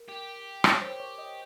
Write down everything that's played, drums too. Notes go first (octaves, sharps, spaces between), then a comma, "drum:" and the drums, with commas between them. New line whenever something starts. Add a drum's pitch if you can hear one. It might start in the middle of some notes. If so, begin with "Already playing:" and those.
Already playing: A#4
G4
drum: rim click
C#5
C5
C#5
D#5